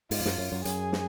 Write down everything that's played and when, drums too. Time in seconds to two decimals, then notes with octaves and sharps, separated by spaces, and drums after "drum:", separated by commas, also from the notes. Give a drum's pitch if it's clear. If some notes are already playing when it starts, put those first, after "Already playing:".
0.11 G#2 F4, drum: open hi-hat
0.20 F2
0.26 F#2, drum: snare
0.38 F#2
0.52 F#2
0.65 F#2 G#4, drum: hi-hat
0.92 drum: snare